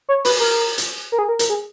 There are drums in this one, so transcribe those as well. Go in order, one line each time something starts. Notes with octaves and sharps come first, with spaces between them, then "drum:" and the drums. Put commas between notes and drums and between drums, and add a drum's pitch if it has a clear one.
C#5
B4, drum: open hi-hat
A#4
drum: hi-hat
A#4
G#4
A#4
A#4, drum: hi-hat
G#4